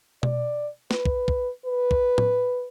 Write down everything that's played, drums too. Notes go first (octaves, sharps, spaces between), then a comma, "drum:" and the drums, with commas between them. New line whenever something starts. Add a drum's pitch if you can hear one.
D5, drum: tom B2
B4, drum: snare
drum: kick
drum: kick
B4
drum: kick
drum: tom A2